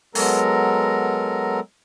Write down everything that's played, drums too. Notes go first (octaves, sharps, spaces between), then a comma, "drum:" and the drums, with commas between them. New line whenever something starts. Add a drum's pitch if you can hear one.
F#3 G#3 B3 A4 A#4 A#5, drum: open hi-hat